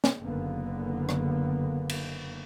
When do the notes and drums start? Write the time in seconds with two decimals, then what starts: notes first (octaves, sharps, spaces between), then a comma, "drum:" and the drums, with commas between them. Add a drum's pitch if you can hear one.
0.04 drum: snare
0.22 F#1 D3 A#3 B3
1.09 drum: rim click
1.89 drum: cymbal